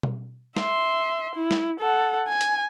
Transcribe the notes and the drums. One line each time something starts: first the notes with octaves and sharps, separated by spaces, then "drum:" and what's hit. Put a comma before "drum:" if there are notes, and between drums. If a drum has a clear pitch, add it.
drum: tom B2
E5 C6, drum: snare
E4
drum: snare
A4 F#5
G#5
drum: hi-hat